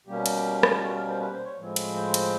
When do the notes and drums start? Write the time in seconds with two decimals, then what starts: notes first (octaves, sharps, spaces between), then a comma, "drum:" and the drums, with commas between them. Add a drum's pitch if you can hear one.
0.07 B2 G3 A#3 C#4 G4
0.26 drum: cymbal
0.63 drum: rim click
0.74 F4
0.83 F#4
0.95 A#4
1.07 C5
1.20 B4
1.32 C5
1.45 C#5
1.57 A2 F3 G#3 C4
1.76 drum: cymbal
1.96 C5
2.14 drum: cymbal